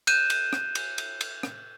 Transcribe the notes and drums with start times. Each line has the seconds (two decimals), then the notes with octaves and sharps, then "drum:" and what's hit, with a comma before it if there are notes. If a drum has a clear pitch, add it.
0.07 F#6 G6 D#7 E7, drum: cymbal
0.30 drum: cymbal
0.53 drum: rim click
0.75 drum: cymbal
0.98 drum: cymbal
1.21 drum: cymbal
1.43 drum: rim click